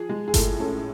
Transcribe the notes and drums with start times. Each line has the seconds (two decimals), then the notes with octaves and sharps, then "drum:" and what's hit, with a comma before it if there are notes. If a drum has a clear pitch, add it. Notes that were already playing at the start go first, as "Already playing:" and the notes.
Already playing: F3 G#4
0.09 G#3
0.28 G#4
0.34 A2 A4, drum: kick G1, hi-hat
0.60 C#4 A4